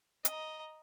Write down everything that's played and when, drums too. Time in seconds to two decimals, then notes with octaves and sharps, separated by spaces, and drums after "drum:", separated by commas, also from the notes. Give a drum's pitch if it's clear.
0.25 D#5 A#5, drum: hi-hat